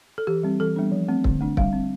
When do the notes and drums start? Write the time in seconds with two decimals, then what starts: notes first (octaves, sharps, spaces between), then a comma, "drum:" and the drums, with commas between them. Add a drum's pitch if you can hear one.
0.18 A4
0.27 E3 G4
0.43 G3 C4
0.60 E3 A4
0.76 G3 B3 D4
0.92 F3
1.08 A3 C4
1.24 D3, drum: kick
1.41 A3 D4
1.57 G3 F5, drum: kick
1.73 C4